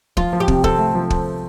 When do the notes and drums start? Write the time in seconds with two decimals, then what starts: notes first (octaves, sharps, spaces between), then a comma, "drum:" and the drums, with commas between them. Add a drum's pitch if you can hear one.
0.17 F3 F4, drum: kick
0.33 F3
0.40 G4
0.48 C3, drum: kick
0.64 C4 A4, drum: kick
0.79 A3
0.95 F3
1.10 drum: kick